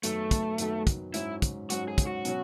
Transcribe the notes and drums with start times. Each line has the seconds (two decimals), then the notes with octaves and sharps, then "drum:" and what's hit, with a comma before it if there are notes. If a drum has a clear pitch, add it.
0.03 F#2 D#3 F#3 A3 B3 F#4, drum: hi-hat
0.31 drum: kick, hi-hat
0.58 F#2 D#3 F#3 B3 F#4, drum: hi-hat
0.87 drum: kick, hi-hat
1.14 G#2 F#3 C#4 E4, drum: hi-hat
1.42 drum: kick, hi-hat
1.70 G#2 F#3 C#4 F#4, drum: hi-hat
1.88 G#4
1.98 drum: kick, hi-hat
2.07 F#4
2.25 B2 F#3 C#4, drum: hi-hat